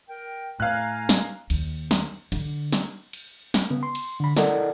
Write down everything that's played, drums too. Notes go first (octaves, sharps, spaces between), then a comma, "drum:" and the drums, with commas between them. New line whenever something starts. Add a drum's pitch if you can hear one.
A#4 G5
A2 F5 G#5 A#5 F#6
drum: snare
D#2, drum: cymbal
drum: snare
D3, drum: cymbal
drum: snare
drum: cymbal
drum: snare
C#3 B3
C6
drum: cymbal
D3 B5
E4 A4 A#4 D5 D#5 F#5, drum: snare